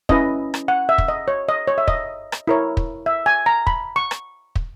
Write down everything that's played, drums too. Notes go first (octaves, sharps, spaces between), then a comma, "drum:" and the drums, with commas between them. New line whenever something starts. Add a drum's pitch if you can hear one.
C#4 E4 B4 D#5, drum: kick
drum: rim click
F#5
E5
drum: kick
D#5
C#5
D#5
C#5
E5
D#5, drum: kick
drum: rim click
E4 A#4 C#5
drum: kick
E5
G#5
A#5
B5, drum: kick
C#6
drum: rim click
drum: kick